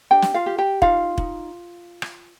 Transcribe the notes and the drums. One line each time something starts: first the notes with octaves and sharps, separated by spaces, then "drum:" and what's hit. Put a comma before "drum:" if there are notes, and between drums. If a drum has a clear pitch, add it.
D4 G4 G5
drum: snare
F4 F5
G4
G4 G5
D#4 F4 F5, drum: kick
D#4, drum: kick
drum: rim click